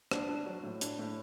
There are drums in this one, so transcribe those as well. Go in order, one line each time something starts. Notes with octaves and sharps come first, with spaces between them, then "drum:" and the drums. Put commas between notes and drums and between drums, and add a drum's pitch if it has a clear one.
D4, drum: rim click
D4
F#3
A2
D4, drum: hi-hat
A2